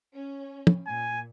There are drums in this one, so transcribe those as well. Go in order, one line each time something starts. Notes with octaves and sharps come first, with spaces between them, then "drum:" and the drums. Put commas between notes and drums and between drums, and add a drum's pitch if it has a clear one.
C#4
drum: tom
A#2 G#5